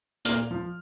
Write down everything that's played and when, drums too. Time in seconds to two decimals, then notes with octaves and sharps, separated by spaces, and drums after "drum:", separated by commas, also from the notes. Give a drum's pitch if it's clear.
0.25 A#2 F6, drum: hi-hat
0.51 F3